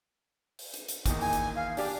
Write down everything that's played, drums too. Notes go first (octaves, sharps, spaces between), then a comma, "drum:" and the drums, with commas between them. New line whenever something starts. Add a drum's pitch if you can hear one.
drum: open hi-hat
drum: hi-hat
drum: hi-hat
E2 A#2 D#3, drum: kick G#1, hi-hat
G#5, drum: open hi-hat
drum: hi-hat
F5
D4 G4 D5 G#5, drum: open hi-hat